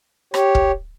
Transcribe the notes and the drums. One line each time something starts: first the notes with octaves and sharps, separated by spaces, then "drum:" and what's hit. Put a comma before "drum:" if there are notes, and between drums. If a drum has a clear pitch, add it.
G4 C#5, drum: rim click
drum: kick